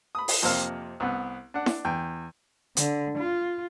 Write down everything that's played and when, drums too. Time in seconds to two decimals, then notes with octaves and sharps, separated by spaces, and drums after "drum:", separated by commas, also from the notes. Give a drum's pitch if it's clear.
0.15 B5 D#6
0.28 drum: open hi-hat
0.43 F2 C3 A#3 C4 F5 F6
1.00 C2 B3
1.54 D4 F#5
1.66 drum: snare E4
1.85 E2 G5
2.77 D3, drum: hi-hat
3.18 F4